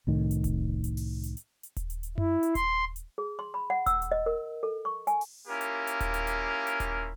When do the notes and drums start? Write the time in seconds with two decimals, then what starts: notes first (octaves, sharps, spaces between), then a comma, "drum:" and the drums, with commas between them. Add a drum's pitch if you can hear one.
0.07 C2 A2 D#3
0.31 drum: hi-hat
0.44 drum: kick D#1, hi-hat
0.84 drum: hi-hat
0.97 drum: open hi-hat
1.24 drum: hi-hat
1.37 drum: hi-hat
1.63 drum: hi-hat
1.76 drum: kick D#1, hi-hat
1.90 drum: hi-hat
2.03 drum: hi-hat
2.18 E4, drum: tom F#2
2.43 drum: hi-hat
2.55 C6, drum: kick D#1, hi-hat
2.96 drum: hi-hat
3.18 G#4
3.39 C6
3.54 B5
3.70 F#5
3.86 E6, drum: kick D#1, hi-hat
4.02 drum: hi-hat
4.12 D#5
4.26 A#4
4.63 A4
4.85 C#6
5.07 G#5, drum: hi-hat
5.21 drum: open hi-hat
5.47 A#3 C#4 E4 F4 G4 A#4
5.61 drum: hi-hat
5.87 drum: hi-hat
6.00 drum: kick D#1, hi-hat
6.14 drum: hi-hat
6.27 drum: hi-hat
6.67 drum: hi-hat
6.80 drum: kick D#1, hi-hat